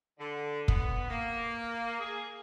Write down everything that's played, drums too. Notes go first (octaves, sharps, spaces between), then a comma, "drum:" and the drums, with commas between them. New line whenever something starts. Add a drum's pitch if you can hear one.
D3
B3, drum: kick
A#3
G#4